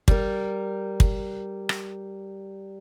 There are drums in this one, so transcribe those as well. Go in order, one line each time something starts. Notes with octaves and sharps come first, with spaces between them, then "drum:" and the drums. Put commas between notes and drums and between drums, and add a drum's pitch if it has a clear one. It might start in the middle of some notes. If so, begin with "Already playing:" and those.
G3 A#4, drum: kick
drum: kick
drum: rim click